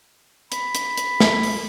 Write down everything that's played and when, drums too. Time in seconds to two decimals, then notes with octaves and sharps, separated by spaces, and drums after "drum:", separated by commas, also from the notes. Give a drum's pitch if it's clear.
0.52 B5, drum: hi-hat
0.75 drum: hi-hat
0.97 drum: hi-hat
1.20 drum: snare
1.43 drum: open hi-hat